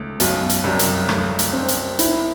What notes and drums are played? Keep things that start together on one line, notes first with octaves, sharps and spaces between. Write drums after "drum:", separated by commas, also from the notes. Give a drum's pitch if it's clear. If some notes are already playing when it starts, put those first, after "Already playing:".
Already playing: C#2 C#3 A3
B1 F#2 B2, drum: hi-hat
drum: hi-hat
C2 F#2 C3
drum: hi-hat
A3, drum: rim click
drum: hi-hat
C4
drum: hi-hat
E4, drum: hi-hat